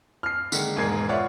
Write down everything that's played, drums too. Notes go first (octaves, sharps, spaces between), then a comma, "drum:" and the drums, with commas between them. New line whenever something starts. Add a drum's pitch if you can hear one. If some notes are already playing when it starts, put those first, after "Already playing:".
F6 C7
D3 D#3 G#3, drum: tambourine
E1 G#2 G#4 A#4 G#6 C7
F4 C#5 D5 E5 F#5